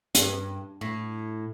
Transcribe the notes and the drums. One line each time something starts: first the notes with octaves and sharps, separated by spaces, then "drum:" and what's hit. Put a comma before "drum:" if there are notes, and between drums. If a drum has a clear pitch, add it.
G2, drum: hi-hat
A2